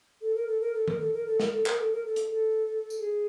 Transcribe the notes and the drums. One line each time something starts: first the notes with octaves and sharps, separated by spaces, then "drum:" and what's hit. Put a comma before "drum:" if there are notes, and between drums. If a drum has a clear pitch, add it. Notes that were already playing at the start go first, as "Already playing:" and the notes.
A4
A#4
A4
A#4
A4
A#4, drum: tom D#3
A4
A#4
A4
A#4, drum: snare
A4
A#4, drum: clap
A4
A#4
A4
drum: hi-hat
A4
drum: tambourine
G#4